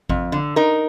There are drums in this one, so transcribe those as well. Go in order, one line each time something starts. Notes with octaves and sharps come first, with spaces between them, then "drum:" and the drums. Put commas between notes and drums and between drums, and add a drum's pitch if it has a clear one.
F2, drum: kick G#1
D3
D#4 A#4